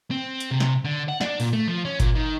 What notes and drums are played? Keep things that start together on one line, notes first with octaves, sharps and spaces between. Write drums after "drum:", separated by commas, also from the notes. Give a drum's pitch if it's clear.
C4
drum: hi-hat
C3
drum: snare
D3
F#5
D4, drum: snare
A#2, drum: open hi-hat
A3
F3
C#4
A#2, drum: kick G1, hi-hat
D#3